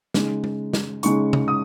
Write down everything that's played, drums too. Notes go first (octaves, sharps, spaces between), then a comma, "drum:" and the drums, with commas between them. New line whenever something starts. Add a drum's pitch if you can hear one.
C#3 G#3 D#4, drum: snare
drum: tom G#3
drum: snare
C#3 G#3 D#4 C#6, drum: hi-hat
drum: tom C3
D#6